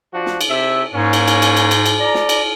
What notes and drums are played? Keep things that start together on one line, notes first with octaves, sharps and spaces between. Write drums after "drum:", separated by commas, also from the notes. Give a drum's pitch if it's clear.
F3 D4 F#4
drum: snare
drum: cymbal
C3 E5
G#2 A#3 C#4
drum: cymbal
drum: cymbal
drum: cymbal
drum: cymbal
drum: cymbal
drum: cymbal
D5 A#5
drum: snare
drum: cymbal